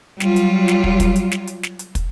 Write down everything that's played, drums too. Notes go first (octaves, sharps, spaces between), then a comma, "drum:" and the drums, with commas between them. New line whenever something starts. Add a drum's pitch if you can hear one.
F#3 G3 F4, drum: snare
drum: hi-hat
drum: snare
drum: kick
drum: kick, hi-hat
drum: hi-hat
drum: snare
drum: hi-hat
drum: snare
drum: hi-hat
drum: kick, hi-hat